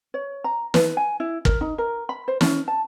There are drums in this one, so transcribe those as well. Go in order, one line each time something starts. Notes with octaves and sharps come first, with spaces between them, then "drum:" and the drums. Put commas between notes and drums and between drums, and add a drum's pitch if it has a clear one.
C#5
A#5
B4, drum: snare
G#5
E4
A#4, drum: kick
D#4
A#4
B5
C5
C#4, drum: snare
A5